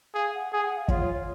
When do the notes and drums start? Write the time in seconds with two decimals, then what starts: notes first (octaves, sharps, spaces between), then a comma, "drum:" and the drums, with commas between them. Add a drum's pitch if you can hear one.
0.15 G#4 F5
0.34 F#5
0.52 G#4 G#5
0.64 F#5
0.77 F5
0.88 F4 C#5, drum: kick
1.01 C#5
1.14 C#5